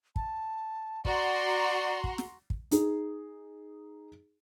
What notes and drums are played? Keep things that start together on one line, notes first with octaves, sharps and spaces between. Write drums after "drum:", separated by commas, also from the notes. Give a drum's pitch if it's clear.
A5, drum: kick
F#4 D5 A#5 C6, drum: kick
drum: kick
drum: snare
drum: kick
D#4 G#4, drum: hi-hat